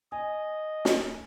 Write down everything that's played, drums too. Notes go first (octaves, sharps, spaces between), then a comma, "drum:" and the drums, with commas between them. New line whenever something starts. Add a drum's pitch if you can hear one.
D#5 G#5
drum: snare